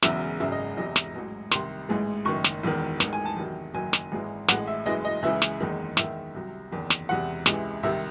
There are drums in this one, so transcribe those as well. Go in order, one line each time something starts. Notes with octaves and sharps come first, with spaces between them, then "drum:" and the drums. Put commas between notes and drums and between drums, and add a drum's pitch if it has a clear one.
E1 E2 C#3 F#3 E5, drum: snare
G#1 F#2 C#3 E5
D#5
E1 E2 C3 D#5
drum: snare
A1 G#2 F#3
C2 C3 D#3 C6, drum: snare
A1 G#2 E3 G#3
F#1 F#2 D#3 C#6
drum: snare
E1 E2 D#3
A1 G#2 D#3, drum: snare
G#5
A5
E2 C3 D#3 F#3
F#1 F#2 D#3 F#3 G#5
drum: snare
G#1 G#2 E3 G#3
A1 A2 G#3 F#5, drum: snare
E5
F#1 F#2 E3 G#3 D#5
D#5
C#2 C#3 E3 E5
drum: snare
F#1 E2 D#3 G#3
E2 D#3 G#3 E5, drum: snare
C2 C3 F#3
F#1 E2 D#3
drum: snare
E1 E2 C3 F#5
C#2 C3 E3 G#3, drum: snare
C2 C3 D#3 E5